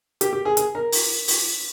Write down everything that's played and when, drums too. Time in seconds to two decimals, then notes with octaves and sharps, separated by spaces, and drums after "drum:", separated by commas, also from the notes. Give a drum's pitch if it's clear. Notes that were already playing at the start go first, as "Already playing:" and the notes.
0.21 G4, drum: hi-hat
0.33 G4
0.45 G#4
0.57 G#4, drum: hi-hat
0.75 A#4
0.92 drum: open hi-hat
1.28 drum: open hi-hat